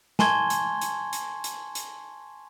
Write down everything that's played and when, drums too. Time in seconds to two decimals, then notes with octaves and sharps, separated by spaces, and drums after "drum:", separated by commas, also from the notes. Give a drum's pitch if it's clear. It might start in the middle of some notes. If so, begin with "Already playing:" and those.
0.19 G#5 A5 C6 C#6 G#6 G7, drum: snare
0.50 drum: hi-hat
0.81 drum: hi-hat
1.13 drum: hi-hat
1.44 drum: hi-hat
1.75 drum: hi-hat